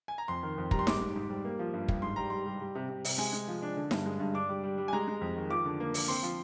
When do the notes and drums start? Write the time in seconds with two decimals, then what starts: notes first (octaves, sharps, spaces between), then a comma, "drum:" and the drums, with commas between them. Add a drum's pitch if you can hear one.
0.08 G#5
0.18 A#5
0.28 F2 C6
0.43 D#3
0.58 F2
0.71 G3 A#5, drum: kick
0.79 C6
0.87 G#2 D6, drum: snare D#4
1.01 G#2
1.16 G#2
1.30 G3
1.45 A#3
1.59 F3
1.74 G2
1.88 G2, drum: kick
2.02 G#2 C6
2.16 G3 A#5
2.30 G3 C6
2.46 G3
2.60 G3
2.75 C3
2.89 C3
3.05 C3, drum: open hi-hat
3.18 G#3 G#5
3.33 G#3
3.48 F3
3.62 D4
3.77 D3
3.91 G2, drum: snare D#4
4.06 G#3
4.20 G2
4.34 D4 D6
4.49 G3
4.63 G3
4.78 G3
4.88 G#5
4.93 G#3 A#5
5.08 G#3
5.21 F2
5.36 D#3
5.50 F3 D6
5.66 D3
5.80 A#3
5.94 A#3, drum: open hi-hat
6.08 C4 C6
6.23 F3